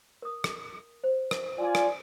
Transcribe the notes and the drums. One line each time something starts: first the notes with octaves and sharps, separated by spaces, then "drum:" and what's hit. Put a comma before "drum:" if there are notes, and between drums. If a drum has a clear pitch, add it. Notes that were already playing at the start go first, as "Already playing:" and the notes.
A#4 D#6
drum: rim click
C5
drum: rim click
F4 D5 G#5
drum: rim click